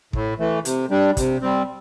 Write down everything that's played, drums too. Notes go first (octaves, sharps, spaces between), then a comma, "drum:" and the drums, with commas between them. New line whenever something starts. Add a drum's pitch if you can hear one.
A2, drum: kick
E3 A3
C3, drum: hi-hat
G3 D4
C3, drum: kick, hi-hat
G3 C4